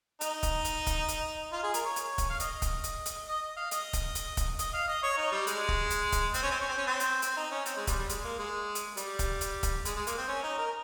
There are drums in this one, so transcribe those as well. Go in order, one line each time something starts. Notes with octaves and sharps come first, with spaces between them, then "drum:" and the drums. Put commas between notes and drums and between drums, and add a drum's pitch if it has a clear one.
D#4, drum: hi-hat
drum: kick, hi-hat
drum: hi-hat
drum: kick, hi-hat
drum: hi-hat
F4
G#4
A#4, drum: hi-hat
C#5
drum: hi-hat
drum: kick, hi-hat
F5
D#5, drum: hi-hat
drum: kick, hi-hat
drum: hi-hat
drum: hi-hat
D#5
D#5
F5
D#5, drum: hi-hat
drum: kick, hi-hat
drum: hi-hat
drum: kick, hi-hat
D#5, drum: hi-hat
F5
D#5
C#5
D#4
G3
G#3, drum: hi-hat
drum: kick
drum: hi-hat
drum: kick, hi-hat
C4, drum: hi-hat
C#4
C4
C#4
C4
C#4
C4
drum: hi-hat
C4, drum: hi-hat
D#4
C#4
C4, drum: hi-hat
G#3
G3, drum: kick, hi-hat
G3
G#3, drum: hi-hat
A#3
G#3
drum: hi-hat
G3, drum: hi-hat
drum: kick, hi-hat
drum: hi-hat
drum: kick, hi-hat
G#3, drum: hi-hat
G#3
A#3, drum: hi-hat
C4
C#4
D#4
A#4